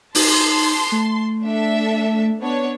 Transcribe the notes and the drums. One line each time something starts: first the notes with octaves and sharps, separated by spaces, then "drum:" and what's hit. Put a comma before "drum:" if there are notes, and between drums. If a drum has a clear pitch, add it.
D#4 A5 C6, drum: open hi-hat
A3
D4 A4 E5
B3 D4 C#5